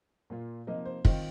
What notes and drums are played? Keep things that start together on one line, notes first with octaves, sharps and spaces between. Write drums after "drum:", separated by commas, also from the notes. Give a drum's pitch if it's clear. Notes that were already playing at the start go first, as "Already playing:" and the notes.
A#2 A#3 F4
C3 F3 A#3 D#4 D#5
C5
D#3 C4 F4, drum: kick